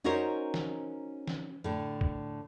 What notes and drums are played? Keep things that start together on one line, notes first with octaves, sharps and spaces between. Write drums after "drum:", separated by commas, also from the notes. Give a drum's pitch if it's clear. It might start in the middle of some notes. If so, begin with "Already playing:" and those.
C#4 D#4 F#4 A#4 C5 C#5
drum: snare
drum: snare
A2 D3
drum: kick